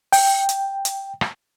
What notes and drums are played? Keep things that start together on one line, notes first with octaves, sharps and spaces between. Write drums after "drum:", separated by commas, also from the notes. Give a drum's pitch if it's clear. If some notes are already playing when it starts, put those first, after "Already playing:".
G5, drum: open hi-hat
drum: hi-hat
drum: hi-hat
drum: rim click